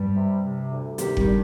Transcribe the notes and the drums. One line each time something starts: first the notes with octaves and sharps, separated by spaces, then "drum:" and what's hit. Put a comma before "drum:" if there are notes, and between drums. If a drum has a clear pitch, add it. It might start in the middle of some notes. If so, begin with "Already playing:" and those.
Already playing: G2 G3
C3
C3
D2
C3 D#3 G4, drum: hi-hat
D#3 G3, drum: kick F#1
D4